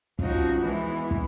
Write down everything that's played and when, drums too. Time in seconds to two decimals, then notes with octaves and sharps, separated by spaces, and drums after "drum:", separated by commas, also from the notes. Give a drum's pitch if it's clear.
0.19 F3 C#4 D#4 F#4, drum: kick
0.60 E3 G#3 B3 E4
1.11 drum: kick